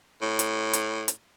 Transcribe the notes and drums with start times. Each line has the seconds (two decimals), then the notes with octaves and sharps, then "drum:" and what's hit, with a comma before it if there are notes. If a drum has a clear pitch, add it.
0.22 A2
0.39 drum: hi-hat
0.73 drum: hi-hat
1.08 drum: hi-hat